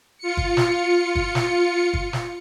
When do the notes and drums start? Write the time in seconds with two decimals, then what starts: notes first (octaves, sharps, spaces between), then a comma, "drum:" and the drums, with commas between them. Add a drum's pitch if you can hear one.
0.18 F4 C#7
0.37 drum: kick
0.57 drum: snare
1.15 drum: kick
1.35 drum: snare
1.94 drum: kick
2.13 drum: snare